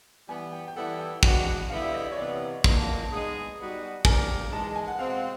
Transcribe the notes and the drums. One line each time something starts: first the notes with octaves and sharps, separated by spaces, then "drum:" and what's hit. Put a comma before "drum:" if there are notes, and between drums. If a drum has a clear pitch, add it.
E3 G3 B3 G#5
G5
G5
E3 G3 B3 E4 A4 F#5
G5
E3 G#3 B3 D4 F#4 G5, drum: kick
F#5
D3 G3 B3 E4 G4 F5
E5
D#5
D5
C#5
C3 E3 G3 B3 D5
A#2 F#3 A#3 D#5, drum: kick
A5
A5
G#3 B3 D#4 G#4
G3 B3 D#4 F#4 B4
G3 A#3 D4 G4 A#4 G#5, drum: kick
G#2 E3 G#3 A5
A5
G#5
F#5
B2 G#3 C4 F5
F#5
F5